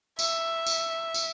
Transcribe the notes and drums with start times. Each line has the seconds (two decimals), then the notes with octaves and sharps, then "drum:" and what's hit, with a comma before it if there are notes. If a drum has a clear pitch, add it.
0.19 E5, drum: tambourine
0.67 drum: tambourine
1.14 drum: tambourine